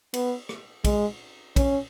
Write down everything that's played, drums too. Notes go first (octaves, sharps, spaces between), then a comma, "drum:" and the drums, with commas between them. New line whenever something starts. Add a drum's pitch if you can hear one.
B3, drum: cymbal
drum: rim click
G#3, drum: kick, cymbal
C#4, drum: kick, cymbal